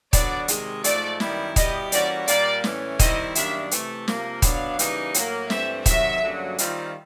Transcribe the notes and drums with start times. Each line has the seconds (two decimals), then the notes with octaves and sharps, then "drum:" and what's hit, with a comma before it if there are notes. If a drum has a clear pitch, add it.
0.13 D3 F#3 B3 D4 F#4 D5, drum: kick D#1, hi-hat
0.48 C3 D#3 G#3, drum: hi-hat
0.84 G#2 F3 A3 D5, drum: hi-hat
1.20 F#2 D#3 G3 B3 E4, drum: snare
1.56 B2 G3 B3 E4 G4 D#5, drum: kick D#1, hi-hat
1.92 E3 G3 A#3 C#4 F#4 D5, drum: hi-hat
2.28 A#2 G3 A#3 D5, drum: hi-hat
2.64 A2 E3 A3 C#4, drum: snare
2.99 D#3 G3 C4 E4 D#5, drum: kick D#1, hi-hat
3.35 F#2 D#3 G3 A#3 D4 E5, drum: hi-hat
3.71 C3 E3 A3, drum: hi-hat
4.08 C3 F3 A#3, drum: snare
4.42 B2 F#3 B3 D4 F5, drum: kick D#1, hi-hat
4.79 C#3 E3 G3 A#3 D#4, drum: hi-hat
5.14 A2 F#3 A#3, drum: hi-hat
5.50 G2 E3 A3 C4 E5, drum: snare
5.86 C3 D#3 F#3 E5, drum: kick D#1, hi-hat
6.22 G2 D3 F#3 A#3 C#4
6.58 D#3 G3 C4 F4, drum: hi-hat